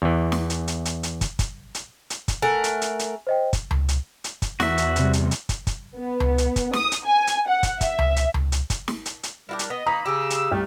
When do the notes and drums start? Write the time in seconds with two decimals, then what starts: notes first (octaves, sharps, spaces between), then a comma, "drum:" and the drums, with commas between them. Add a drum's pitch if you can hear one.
0.02 E2 E3
0.32 drum: snare
0.50 drum: hi-hat
0.68 drum: hi-hat
0.85 drum: hi-hat
1.03 drum: hi-hat
1.21 drum: kick, hi-hat
1.39 drum: kick, hi-hat
1.75 drum: hi-hat
2.10 drum: hi-hat
2.28 drum: kick, hi-hat
2.42 A3 A#4 F#5 G#5
2.64 drum: hi-hat
2.82 drum: hi-hat
2.99 drum: hi-hat
3.27 C5 D#5 G5
3.53 drum: kick, hi-hat
3.71 drum: tom C#2
3.88 drum: hi-hat
4.24 drum: hi-hat
4.42 drum: kick, hi-hat
4.60 E2 F#4 E5, drum: snare
4.78 drum: hi-hat
4.96 C3 G3, drum: hi-hat
5.13 drum: hi-hat
5.31 drum: hi-hat
5.49 drum: kick, hi-hat
5.67 drum: kick, hi-hat
5.97 B3
6.20 drum: tom C#2
6.38 drum: hi-hat
6.56 drum: kick, hi-hat
6.73 D#6, drum: snare
6.92 drum: hi-hat
7.05 G#5
7.27 drum: hi-hat
7.48 F#5
7.63 drum: kick, hi-hat
7.81 E5, drum: kick, hi-hat
7.99 drum: tom C#2
8.16 drum: hi-hat
8.34 drum: tom C#2
8.52 drum: hi-hat
8.70 drum: kick, hi-hat
8.88 drum: snare
9.06 drum: hi-hat
9.23 drum: hi-hat
9.49 G3 D4 E4 F4 G4 A#4
9.59 drum: hi-hat
9.70 B3 D#5
9.87 A#3 D#4 A#5 B5 D#6
10.06 C#3 G4 G#4 E6
10.30 drum: hi-hat
10.51 C2 A3 G4 F6